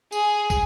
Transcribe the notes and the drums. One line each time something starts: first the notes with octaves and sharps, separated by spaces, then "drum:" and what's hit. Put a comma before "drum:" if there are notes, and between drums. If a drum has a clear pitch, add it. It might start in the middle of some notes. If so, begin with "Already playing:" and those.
G#4, drum: tambourine
drum: kick, tambourine